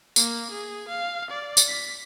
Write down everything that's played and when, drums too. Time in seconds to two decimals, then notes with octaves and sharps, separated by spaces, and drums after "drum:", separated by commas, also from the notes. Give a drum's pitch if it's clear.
0.16 A#3, drum: tambourine
0.51 G#4
0.88 F5
1.31 D5
1.57 drum: tambourine
1.68 B6